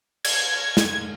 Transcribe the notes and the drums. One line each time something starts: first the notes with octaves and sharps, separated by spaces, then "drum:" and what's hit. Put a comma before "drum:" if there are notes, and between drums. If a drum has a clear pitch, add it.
G#6, drum: cymbal
drum: snare